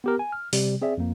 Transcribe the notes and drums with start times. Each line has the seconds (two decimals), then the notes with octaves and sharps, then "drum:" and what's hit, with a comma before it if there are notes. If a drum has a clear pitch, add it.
0.04 B3 G4 A#4
0.19 G#5
0.32 F6
0.53 C3 G3, drum: open hi-hat
0.82 C4 G#4 D5 E5
0.98 F2 A#3